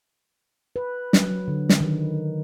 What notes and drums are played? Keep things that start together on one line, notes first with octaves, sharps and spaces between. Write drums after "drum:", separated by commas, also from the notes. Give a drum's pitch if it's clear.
B4
F#3, drum: snare
D3
drum: snare
D#3